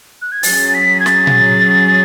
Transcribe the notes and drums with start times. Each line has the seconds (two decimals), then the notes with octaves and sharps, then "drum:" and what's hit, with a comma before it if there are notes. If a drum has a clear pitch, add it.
0.22 F#6
0.32 G#6
0.43 F#3 C#4 G#4 A6, drum: open hi-hat
0.74 B6
1.00 G#6
1.06 A6, drum: snare
1.27 drum: tom A#2